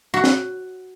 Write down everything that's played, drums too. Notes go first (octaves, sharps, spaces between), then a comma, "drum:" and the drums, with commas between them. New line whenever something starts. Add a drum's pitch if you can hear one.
F#4
drum: snare